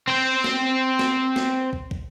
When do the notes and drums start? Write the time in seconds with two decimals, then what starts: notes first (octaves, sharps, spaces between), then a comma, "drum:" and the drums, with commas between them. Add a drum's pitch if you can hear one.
0.08 C4 C5
0.44 drum: snare
0.99 drum: snare
1.36 drum: snare
1.73 drum: kick
1.91 drum: kick